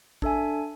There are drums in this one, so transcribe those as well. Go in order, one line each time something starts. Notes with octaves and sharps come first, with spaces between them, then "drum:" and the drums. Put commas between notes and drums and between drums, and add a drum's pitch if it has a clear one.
D4 A4 E5 G#5, drum: kick